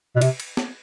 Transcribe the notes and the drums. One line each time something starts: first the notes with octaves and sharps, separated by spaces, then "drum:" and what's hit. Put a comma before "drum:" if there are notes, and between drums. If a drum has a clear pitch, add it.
B2
C3, drum: cymbal
drum: cymbal
drum: snare